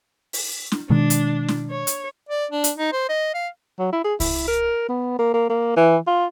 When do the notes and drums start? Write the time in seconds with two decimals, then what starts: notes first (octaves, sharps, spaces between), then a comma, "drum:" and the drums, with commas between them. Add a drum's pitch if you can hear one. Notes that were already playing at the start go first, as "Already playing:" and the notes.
0.33 drum: open hi-hat
0.72 drum: snare
0.90 B2 D#3 G#3 D4
1.10 drum: hi-hat
1.48 drum: snare
1.70 C#5
1.87 drum: hi-hat
2.29 D5
2.51 D4
2.64 drum: hi-hat
2.77 D#4
2.93 C5
3.09 D#5
3.34 F5
3.79 F#3
3.92 E4
4.05 G#4
4.20 E4, drum: kick C2, open hi-hat
4.48 A#4
4.89 B3
5.19 A#3
5.34 A#3
5.50 A#3
5.77 E3
6.07 F4